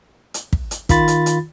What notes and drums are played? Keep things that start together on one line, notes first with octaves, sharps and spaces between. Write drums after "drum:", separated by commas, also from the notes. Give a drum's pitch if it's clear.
drum: hi-hat
drum: kick
drum: hi-hat
D#3 F4 B5 A6, drum: kick, hi-hat
drum: hi-hat
drum: hi-hat